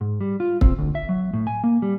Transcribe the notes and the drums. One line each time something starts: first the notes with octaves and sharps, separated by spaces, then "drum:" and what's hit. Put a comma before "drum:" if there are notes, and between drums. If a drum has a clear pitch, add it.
G#2
G3
F4
C4, drum: kick
D2
E5
F#3
A2
G#5
A#3
G3